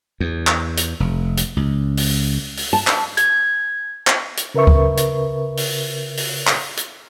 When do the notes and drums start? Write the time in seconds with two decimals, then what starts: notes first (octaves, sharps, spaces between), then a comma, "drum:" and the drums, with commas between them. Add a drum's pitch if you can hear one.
0.20 E2
0.47 drum: clap
0.77 drum: hi-hat
1.00 F1
1.37 drum: hi-hat
1.57 C#2
1.97 drum: open hi-hat
2.57 drum: open hi-hat
2.73 A5
2.87 drum: clap
3.17 G#6, drum: hi-hat
4.07 drum: clap
4.37 drum: hi-hat
4.54 C#3 A#4 B4 E5 C#6
4.67 drum: kick C#2
4.97 drum: hi-hat
5.57 drum: open hi-hat
6.17 drum: open hi-hat
6.47 drum: clap
6.77 drum: hi-hat